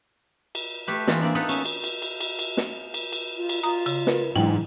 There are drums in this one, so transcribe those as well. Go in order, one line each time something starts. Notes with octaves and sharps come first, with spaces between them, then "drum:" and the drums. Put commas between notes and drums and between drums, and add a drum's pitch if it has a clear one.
drum: cymbal
A3 G4 B4
E3 G#3 A#3 F4, drum: snare
A#3 C4 D4
A#3 B3 D#4 A4 B4 E5
C#4, drum: cymbal
drum: cymbal
drum: cymbal
drum: cymbal
drum: cymbal
drum: cymbal
drum: snare
drum: cymbal
drum: cymbal
F4
drum: cymbal
F4 A#5 D#6
C#3, drum: cymbal
A#4 B4, drum: snare
G#2 E3 F#3 D4 E4 G5